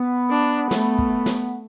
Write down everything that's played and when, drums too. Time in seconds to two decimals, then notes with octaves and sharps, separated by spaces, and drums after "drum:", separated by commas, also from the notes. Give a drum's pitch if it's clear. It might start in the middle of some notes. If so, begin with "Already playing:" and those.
Already playing: B3
0.30 D4
0.71 A3, drum: snare
0.98 drum: kick
1.26 drum: snare